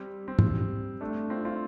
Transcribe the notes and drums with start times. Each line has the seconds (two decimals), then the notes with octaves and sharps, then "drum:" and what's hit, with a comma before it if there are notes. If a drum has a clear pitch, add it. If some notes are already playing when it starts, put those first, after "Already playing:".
Already playing: G3 C4
0.28 G3 C4
0.39 drum: tom
1.01 A3 D4
1.30 C4 F4
1.45 C4 F4